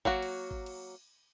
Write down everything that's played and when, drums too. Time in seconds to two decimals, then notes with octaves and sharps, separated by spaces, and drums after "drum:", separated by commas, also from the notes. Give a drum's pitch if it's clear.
0.05 F#3 A#3 F#4, drum: kick G#1
0.22 drum: cymbal
0.51 drum: kick G#1
0.66 drum: cymbal